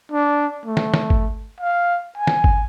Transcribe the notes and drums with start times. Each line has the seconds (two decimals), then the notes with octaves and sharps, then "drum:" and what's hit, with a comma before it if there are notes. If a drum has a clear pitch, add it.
0.12 D4
0.66 A3
0.77 drum: snare
0.94 drum: snare
1.10 drum: kick G1
1.60 F5
2.18 G#5
2.27 drum: snare
2.44 drum: kick G1